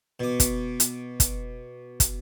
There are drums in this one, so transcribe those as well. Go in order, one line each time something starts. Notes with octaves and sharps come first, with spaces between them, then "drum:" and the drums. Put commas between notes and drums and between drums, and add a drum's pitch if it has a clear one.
B2 D6
drum: kick, hi-hat
drum: hi-hat
drum: kick, hi-hat
drum: kick, hi-hat